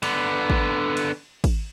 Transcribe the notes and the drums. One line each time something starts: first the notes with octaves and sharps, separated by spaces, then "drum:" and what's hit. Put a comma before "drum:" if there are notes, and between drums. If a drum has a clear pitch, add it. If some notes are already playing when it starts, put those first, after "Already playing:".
D3 B3, drum: cymbal
drum: kick
drum: cymbal
drum: kick, cymbal